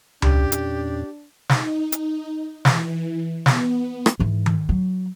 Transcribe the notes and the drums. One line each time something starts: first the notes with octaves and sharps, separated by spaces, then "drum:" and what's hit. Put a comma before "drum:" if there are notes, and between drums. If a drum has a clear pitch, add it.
E2 A#2 C#4 D4 G4, drum: tom C#2
drum: hi-hat
D#4, drum: snare
drum: hi-hat
E3, drum: snare
B3, drum: snare
drum: rim click
G#2 E3
drum: tom D#3
F#3